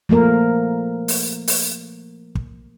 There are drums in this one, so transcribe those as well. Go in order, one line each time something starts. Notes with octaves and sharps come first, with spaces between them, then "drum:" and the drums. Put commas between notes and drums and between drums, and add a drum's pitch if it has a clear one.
F3 A3 A#3 A#4
drum: open hi-hat
drum: open hi-hat
drum: kick